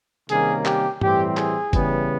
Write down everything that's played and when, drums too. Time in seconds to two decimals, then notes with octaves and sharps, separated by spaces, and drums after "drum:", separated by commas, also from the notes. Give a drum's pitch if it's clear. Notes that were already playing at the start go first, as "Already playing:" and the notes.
0.29 C3 D#3 G3 A#3 C#4 G#4, drum: hi-hat
0.65 G4, drum: clap
1.01 A2 E3 G3 C4 G4, drum: tom
1.37 G#4, drum: clap
1.73 C#3 E3 G3 B3, drum: kick F#1, hi-hat